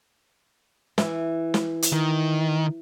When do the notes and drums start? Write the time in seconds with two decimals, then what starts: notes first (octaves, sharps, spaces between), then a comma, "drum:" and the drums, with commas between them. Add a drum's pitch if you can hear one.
0.98 E3, drum: snare
1.54 drum: snare
1.82 drum: hi-hat
1.93 D#3